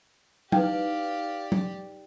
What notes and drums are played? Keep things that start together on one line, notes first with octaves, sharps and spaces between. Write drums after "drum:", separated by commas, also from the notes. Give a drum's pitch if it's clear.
D#4 E4 G4 B4 D5 F5 G5, drum: tom F#3
drum: tom F#3